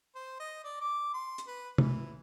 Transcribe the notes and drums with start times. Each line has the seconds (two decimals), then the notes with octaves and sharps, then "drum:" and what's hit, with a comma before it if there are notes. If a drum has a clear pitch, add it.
0.15 C5
0.40 D#5
0.64 D5
0.81 D6
1.14 C6
1.38 drum: hi-hat
1.47 B4
1.78 E3, drum: tom C3